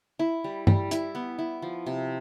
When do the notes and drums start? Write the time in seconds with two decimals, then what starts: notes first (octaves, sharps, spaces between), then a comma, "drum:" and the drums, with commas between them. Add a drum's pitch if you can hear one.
0.19 E4
0.44 G3
0.67 G3, drum: tom
0.91 E4, drum: hi-hat
1.15 B3
1.39 E4
1.62 F3
1.86 C3